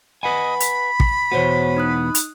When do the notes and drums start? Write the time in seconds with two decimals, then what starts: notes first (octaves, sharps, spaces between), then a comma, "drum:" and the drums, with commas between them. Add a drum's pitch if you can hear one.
0.23 B4 D#5 F#5 G#5 B5
0.60 B6, drum: hi-hat
1.00 drum: kick
1.32 E2 B2 B3 F#4 C5 C#5
1.77 D#4 D#6 F#6
2.15 drum: hi-hat